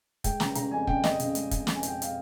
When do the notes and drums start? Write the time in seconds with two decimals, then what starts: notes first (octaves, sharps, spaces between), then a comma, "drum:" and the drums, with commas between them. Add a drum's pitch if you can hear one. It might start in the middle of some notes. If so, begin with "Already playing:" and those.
0.24 G#3 G5, drum: kick, hi-hat
0.40 C#3 A#5, drum: snare
0.55 C#3 A#5, drum: hi-hat
0.71 F2 G#5
0.87 C#3 G5, drum: kick
1.04 C4 D#5, drum: snare
1.20 C#3, drum: hi-hat
1.35 G#3, drum: hi-hat
1.51 F2, drum: kick, hi-hat
1.67 F2, drum: snare
1.73 G#5
1.83 F2 G5, drum: hi-hat
2.02 F5, drum: hi-hat